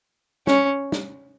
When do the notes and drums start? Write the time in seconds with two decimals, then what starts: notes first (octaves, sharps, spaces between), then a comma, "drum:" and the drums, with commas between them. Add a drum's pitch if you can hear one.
0.47 C#4, drum: snare
0.92 drum: snare